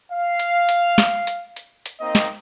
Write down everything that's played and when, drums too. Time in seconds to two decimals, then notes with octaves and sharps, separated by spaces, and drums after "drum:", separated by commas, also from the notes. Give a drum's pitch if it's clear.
0.13 F5
0.39 drum: hi-hat
0.69 drum: hi-hat
0.98 drum: snare
1.27 drum: hi-hat
1.56 drum: hi-hat
1.86 drum: hi-hat
2.00 A#3 C4 D#4 D#5
2.15 drum: snare